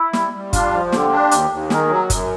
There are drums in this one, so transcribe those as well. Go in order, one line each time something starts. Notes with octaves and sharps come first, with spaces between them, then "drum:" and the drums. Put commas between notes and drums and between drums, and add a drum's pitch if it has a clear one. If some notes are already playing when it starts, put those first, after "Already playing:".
Already playing: E4
G3, drum: snare
G3
D4 F4, drum: kick F#1, hi-hat
F3
D3 F4 G4, drum: snare
D4
D#2, drum: hi-hat
D#2
D#3 G#4 A#4, drum: snare
F#3
F#2, drum: kick F#1, hi-hat